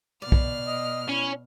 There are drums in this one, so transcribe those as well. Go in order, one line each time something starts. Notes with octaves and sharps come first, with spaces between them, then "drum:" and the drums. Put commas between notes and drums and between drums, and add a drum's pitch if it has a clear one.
B2 D5 F6
drum: kick
D#5
C#4 E4